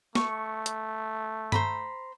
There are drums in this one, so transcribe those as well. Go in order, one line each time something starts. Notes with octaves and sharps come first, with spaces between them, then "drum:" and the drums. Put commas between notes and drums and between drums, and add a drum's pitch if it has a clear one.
A3 C#6, drum: snare
drum: hi-hat
C5 A#5 B5, drum: tom G2